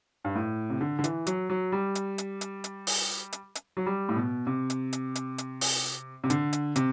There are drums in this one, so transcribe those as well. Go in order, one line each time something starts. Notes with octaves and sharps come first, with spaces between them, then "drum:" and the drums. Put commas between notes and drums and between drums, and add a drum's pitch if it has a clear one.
G2
A2
C3
D3
D3
E3, drum: hi-hat
F#3, drum: hi-hat
F#3
G3
drum: hi-hat
drum: hi-hat
drum: hi-hat
drum: hi-hat
drum: open hi-hat
drum: hi-hat
drum: hi-hat
F#3
G3
A2
B2
C3
drum: hi-hat
drum: hi-hat
drum: hi-hat
drum: hi-hat
drum: open hi-hat
C3
D3, drum: hi-hat
drum: hi-hat
C3, drum: hi-hat